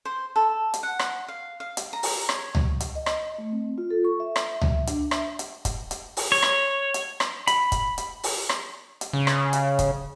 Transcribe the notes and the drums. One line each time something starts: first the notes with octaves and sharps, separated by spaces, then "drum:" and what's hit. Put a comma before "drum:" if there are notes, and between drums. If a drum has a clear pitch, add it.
C5
A4
drum: hi-hat
F#5
drum: rim click
F5
F5
drum: hi-hat
A#5
drum: open hi-hat
C#5, drum: rim click
drum: tom C#2
drum: hi-hat
D#5
drum: rim click
A3
C4
F4
A4
C#6
E5
drum: rim click
E5, drum: tom C#2
D4, drum: hi-hat
E5, drum: rim click
drum: hi-hat
drum: kick, hi-hat
drum: hi-hat
drum: open hi-hat
C#5
drum: rim click
drum: hi-hat
drum: rim click
B5, drum: hi-hat
drum: kick, hi-hat
drum: hi-hat
drum: open hi-hat
drum: rim click
drum: hi-hat
C#3
drum: rim click
drum: hi-hat
drum: kick, hi-hat